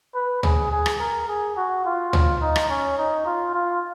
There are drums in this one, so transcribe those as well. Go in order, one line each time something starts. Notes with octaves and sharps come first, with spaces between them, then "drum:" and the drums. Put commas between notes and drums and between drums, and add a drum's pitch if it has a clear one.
B4
G#4, drum: tom
G#4
drum: rim click
A#4
G#4
F#4
F4
drum: tom
D#4
drum: rim click
C#4
D#4
F4
F4